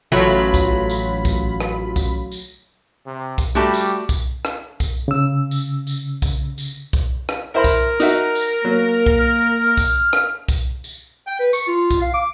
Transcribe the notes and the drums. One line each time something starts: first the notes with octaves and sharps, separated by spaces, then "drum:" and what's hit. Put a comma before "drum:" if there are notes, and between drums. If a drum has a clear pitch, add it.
A1 F#3 A3 F4 B5
drum: kick B1, tambourine
drum: tambourine
drum: kick B1, tambourine
drum: rim click
drum: kick B1, tambourine
drum: tambourine
C3
drum: kick B1, tambourine
G3 A3 F#4 G4 A5 B5
drum: tambourine
drum: kick B1, tambourine
drum: rim click
drum: kick B1, tambourine
C#3 E6
drum: tambourine
drum: tambourine
drum: kick B1, tambourine
drum: tambourine
drum: kick B1, tambourine
drum: rim click
E4 A#4 C5 B5
drum: kick B1, tambourine
D#4 F#4 E5, drum: tambourine
drum: tambourine
F#3 A#3
drum: kick B1
F6
drum: kick B1, tambourine
drum: rim click
drum: kick B1, tambourine
drum: tambourine
G5
B4
C#6, drum: tambourine
F4
drum: kick B1, tambourine
F5
D6